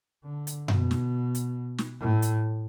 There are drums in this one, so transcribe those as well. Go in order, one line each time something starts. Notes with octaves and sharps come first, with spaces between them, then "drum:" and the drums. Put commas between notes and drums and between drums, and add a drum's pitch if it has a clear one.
D3
drum: hi-hat
B2, drum: tom F#2
drum: snare
drum: hi-hat
drum: snare
A2
drum: hi-hat